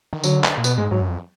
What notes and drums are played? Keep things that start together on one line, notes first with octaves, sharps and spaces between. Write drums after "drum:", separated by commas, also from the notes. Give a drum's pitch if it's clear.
D#3
D3 F#3, drum: tambourine
drum: clap
A#2
B2 B3, drum: tambourine
G#2 G#3
G#2 F#3
F#2
F2